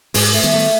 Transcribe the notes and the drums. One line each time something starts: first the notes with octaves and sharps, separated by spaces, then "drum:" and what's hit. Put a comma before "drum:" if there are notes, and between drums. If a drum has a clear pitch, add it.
G#2 G#3, drum: open hi-hat
A3
D#3 G3 B3
A3